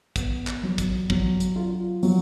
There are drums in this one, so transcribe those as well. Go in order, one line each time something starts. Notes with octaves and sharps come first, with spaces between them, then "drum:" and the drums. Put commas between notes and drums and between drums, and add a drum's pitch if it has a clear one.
B3, drum: kick, hi-hat
drum: clap
F#3
drum: kick, hi-hat
F#3, drum: kick
drum: hi-hat
F4
F#3, drum: open hi-hat